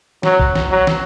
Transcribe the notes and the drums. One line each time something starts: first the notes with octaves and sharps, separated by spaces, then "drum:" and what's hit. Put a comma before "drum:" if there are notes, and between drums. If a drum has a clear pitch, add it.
F#3, drum: snare
drum: kick
drum: snare
F#3
drum: snare